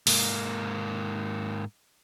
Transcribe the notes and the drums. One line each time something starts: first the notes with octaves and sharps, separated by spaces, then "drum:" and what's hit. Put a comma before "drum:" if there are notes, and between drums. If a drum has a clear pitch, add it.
G#2 A#3, drum: open hi-hat